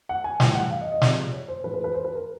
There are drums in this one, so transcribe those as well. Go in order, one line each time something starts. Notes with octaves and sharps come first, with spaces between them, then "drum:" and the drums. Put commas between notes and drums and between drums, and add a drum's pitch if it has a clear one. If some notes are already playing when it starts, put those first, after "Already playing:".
F#5
G#5
A2 E3 G3 G5, drum: snare
F#5
F5
D#5
D#5
C3 F3 G#3 D5, drum: snare
C#5
C5
A2 E3 G#3 B4
B4
B4
C5
B4
A#4